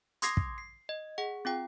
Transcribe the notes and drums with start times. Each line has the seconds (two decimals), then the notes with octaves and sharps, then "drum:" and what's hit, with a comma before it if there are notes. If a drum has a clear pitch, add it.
0.22 C6 D6 D#6 G#6 A#6 C7, drum: hi-hat
0.37 drum: kick
0.58 C7
0.89 D#5
1.18 G#4 F#5
1.45 C4 F4 G5